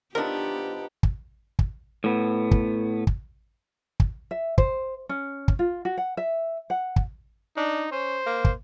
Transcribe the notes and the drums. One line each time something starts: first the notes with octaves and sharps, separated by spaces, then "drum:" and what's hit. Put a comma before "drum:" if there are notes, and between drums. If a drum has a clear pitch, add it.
F3 B3 D4 D#4 G4 A4 A#4
drum: kick
drum: kick
A2 B3
drum: kick
drum: kick
drum: kick
E5
C5, drum: kick
C#4
drum: kick
F4
F#4
F#5
E5
F#5
drum: kick
D4 D#4
C#4 C5
A#3
drum: kick